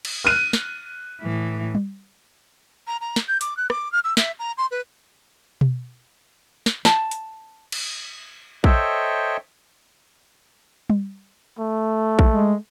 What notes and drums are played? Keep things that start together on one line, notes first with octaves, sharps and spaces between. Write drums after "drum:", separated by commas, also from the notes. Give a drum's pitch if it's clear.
drum: cymbal
F6 F#6 D#7
drum: snare
A2 E3
drum: tom G3
A#5
A#5
drum: snare
G6
D6, drum: hi-hat
F#6
D6, drum: rim click
F6
E6
E5, drum: snare
A#5
C6
B4
drum: tom B2
drum: snare
A5, drum: snare
drum: hi-hat
drum: cymbal
A4 C5 C#5 D#5 E5 G5, drum: kick
drum: tom G3
A3
drum: kick
G#3